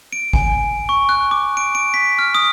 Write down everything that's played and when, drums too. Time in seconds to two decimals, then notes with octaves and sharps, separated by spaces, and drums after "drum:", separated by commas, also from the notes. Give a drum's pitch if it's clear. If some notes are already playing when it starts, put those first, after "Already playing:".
0.13 D7
0.33 G#5, drum: kick G#1
0.89 C#6
1.09 F#6
1.31 D6
1.57 D7
1.75 D7
1.94 B6
2.19 F6
2.35 D#6